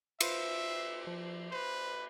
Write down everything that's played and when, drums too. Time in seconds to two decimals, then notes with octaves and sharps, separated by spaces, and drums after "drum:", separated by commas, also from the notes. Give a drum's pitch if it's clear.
0.21 F4 B4 C5 E5, drum: cymbal
1.07 F3
1.52 B4 C5 C7